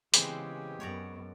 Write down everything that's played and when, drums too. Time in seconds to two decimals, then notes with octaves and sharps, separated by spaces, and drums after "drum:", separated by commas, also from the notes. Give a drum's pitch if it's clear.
0.14 C#3 E3 G#3 B3 C4 G4 G#4, drum: hi-hat
0.80 F#2 B3 C#5 D5 A#5